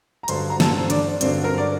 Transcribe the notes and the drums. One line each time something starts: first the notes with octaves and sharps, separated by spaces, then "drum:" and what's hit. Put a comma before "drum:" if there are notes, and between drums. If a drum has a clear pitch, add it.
A#5
G2 D3 F#3 C5 C6, drum: hi-hat
A#5
A4 A5, drum: snare
C5
D4 D5, drum: hi-hat
G2 D3 F#3 C4 C5, drum: hi-hat
A#4
D5